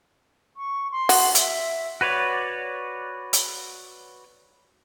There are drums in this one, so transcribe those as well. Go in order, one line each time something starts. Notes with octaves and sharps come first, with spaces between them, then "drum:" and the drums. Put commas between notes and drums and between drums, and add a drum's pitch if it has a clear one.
C#6
C6
F#4, drum: open hi-hat
E5, drum: hi-hat
F#4 B4 C#5 D5
drum: hi-hat